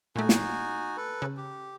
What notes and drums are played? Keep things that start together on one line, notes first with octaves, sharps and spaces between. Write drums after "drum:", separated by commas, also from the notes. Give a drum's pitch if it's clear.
A#2 A3 D#4 F#4 G#5
drum: snare
A4 B4
C#3
G4